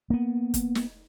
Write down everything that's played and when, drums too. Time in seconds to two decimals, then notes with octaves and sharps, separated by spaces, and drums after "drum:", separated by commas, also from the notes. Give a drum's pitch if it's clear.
0.10 A#3 B3
0.54 drum: kick, hi-hat
0.75 drum: snare